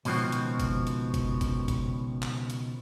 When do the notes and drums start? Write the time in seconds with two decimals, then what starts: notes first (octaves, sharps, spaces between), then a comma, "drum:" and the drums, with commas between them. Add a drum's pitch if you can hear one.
0.05 C#2 B2 D#3 F3 C4 F#4, drum: open hi-hat
0.32 drum: hi-hat
0.60 drum: kick F#1, hi-hat
0.87 drum: hi-hat
1.14 drum: kick F#1, hi-hat
1.41 drum: kick F#1, hi-hat
1.68 drum: kick F#1, hi-hat
2.23 drum: clap
2.50 drum: hi-hat